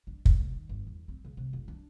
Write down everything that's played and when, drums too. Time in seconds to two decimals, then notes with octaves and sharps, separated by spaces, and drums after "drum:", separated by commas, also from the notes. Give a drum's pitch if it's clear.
0.07 D4
0.25 D#3, drum: kick
0.40 C3
0.52 D#3
0.69 G1
0.87 E2
1.08 C4
1.25 C#3
1.37 C3
1.53 F#1
1.68 D4